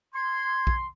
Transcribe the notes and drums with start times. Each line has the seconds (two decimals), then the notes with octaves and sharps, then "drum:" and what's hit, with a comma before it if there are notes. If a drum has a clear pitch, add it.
0.15 C6 G#6
0.67 drum: kick